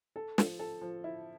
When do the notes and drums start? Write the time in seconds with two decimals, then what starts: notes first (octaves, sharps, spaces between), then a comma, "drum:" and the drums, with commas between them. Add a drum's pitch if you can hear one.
0.16 A4
0.38 F3, drum: snare
0.59 A4
0.81 F3
1.04 E4